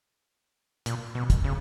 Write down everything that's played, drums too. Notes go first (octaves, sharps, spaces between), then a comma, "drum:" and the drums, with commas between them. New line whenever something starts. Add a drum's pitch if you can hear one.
A#2, drum: hi-hat
B2
drum: kick, hi-hat
C#3